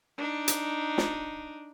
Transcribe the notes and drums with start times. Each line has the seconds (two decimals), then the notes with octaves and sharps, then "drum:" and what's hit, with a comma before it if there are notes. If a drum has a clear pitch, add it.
0.18 D4 D#4
0.48 drum: hi-hat
0.98 drum: snare